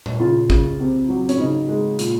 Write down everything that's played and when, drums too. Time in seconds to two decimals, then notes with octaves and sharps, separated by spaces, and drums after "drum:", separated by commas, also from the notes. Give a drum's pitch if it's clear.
0.06 drum: tom
0.20 C#3 F4
0.50 C#3, drum: kick
0.80 C3
1.09 F#3
1.29 C#4, drum: hi-hat
1.38 C#3 D#4
1.68 G#3
1.99 A#2, drum: hi-hat